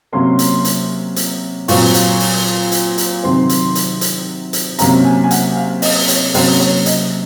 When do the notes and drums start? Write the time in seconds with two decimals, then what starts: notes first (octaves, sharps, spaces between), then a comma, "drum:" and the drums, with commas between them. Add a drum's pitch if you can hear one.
0.13 C3 F#3 A#3 C#4 C6
0.39 drum: hi-hat
0.65 drum: hi-hat
1.16 drum: hi-hat
1.68 A#2 F#3 C4 C#6, drum: open hi-hat
1.94 drum: hi-hat
2.20 drum: open hi-hat
2.72 drum: hi-hat
2.98 drum: hi-hat
3.24 C3 D#3 F#3 C4 C6
3.49 drum: hi-hat
3.75 drum: hi-hat
4.01 drum: hi-hat
4.53 drum: hi-hat
4.79 C3 F#3 A#3 C#4 A#5, drum: hi-hat
5.05 G#5
5.24 G#5
5.31 F#5, drum: hi-hat
5.57 F5
5.82 D#5, drum: open hi-hat
6.08 C#5, drum: hi-hat
6.34 C3 F#3 A#3 C#4 C5, drum: open hi-hat
6.60 C#5
6.86 D#5, drum: hi-hat